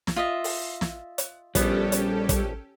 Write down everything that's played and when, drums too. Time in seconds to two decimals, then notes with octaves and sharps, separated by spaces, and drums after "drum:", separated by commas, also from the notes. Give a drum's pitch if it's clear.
0.07 drum: snare
0.16 F4 D#5 E5
0.44 drum: open hi-hat
0.81 drum: snare
1.18 drum: hi-hat
1.55 A#1 G3 B3 C#4 G4 A4, drum: kick, hi-hat
1.92 drum: hi-hat
2.29 drum: kick, hi-hat